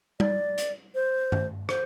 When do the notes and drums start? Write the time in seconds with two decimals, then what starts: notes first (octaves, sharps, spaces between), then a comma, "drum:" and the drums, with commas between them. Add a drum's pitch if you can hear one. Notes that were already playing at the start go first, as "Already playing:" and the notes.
0.20 D5, drum: tom G3
0.58 drum: hi-hat
0.95 C5
1.32 drum: tom G2
1.69 C5, drum: rim click